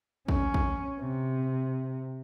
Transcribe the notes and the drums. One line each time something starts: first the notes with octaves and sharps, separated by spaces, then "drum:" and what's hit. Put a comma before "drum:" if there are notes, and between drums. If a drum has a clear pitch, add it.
C#4, drum: kick
drum: kick
C3